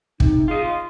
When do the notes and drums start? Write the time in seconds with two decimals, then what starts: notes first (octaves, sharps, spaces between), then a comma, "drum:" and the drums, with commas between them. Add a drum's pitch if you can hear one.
0.20 C3 D#4, drum: kick
0.48 F4 G#4 D#5
0.63 C6